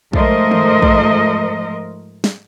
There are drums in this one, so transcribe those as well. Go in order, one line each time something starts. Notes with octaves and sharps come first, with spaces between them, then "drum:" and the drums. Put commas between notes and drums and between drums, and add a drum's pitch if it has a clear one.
G#2 F3 A3 A#4 C5 D#5, drum: kick A#1
drum: tom D#3
drum: kick A#1
drum: snare